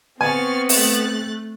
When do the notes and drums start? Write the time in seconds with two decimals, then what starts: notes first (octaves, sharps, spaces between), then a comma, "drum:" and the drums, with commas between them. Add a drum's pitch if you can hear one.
0.21 B3 C4 G#5 C#6 F6 A6
0.69 A3 F#6 A6, drum: open hi-hat